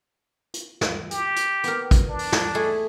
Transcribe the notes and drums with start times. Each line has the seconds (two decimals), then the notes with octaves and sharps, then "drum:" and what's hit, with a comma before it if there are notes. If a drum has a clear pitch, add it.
0.54 drum: hi-hat
0.81 drum: snare
1.11 G4, drum: hi-hat
1.36 drum: hi-hat
1.64 B3 A#4, drum: hi-hat
1.91 drum: kick, hi-hat
2.09 D4
2.19 drum: open hi-hat
2.32 drum: snare
2.55 A3 E4 G#4